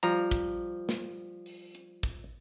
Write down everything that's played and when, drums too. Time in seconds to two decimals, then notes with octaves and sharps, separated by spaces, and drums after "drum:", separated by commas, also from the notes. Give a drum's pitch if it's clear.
0.03 F3 G3 A#5, drum: hi-hat
0.31 drum: kick, hi-hat
0.89 drum: snare
1.46 drum: open hi-hat
1.75 drum: hi-hat
2.03 drum: kick, hi-hat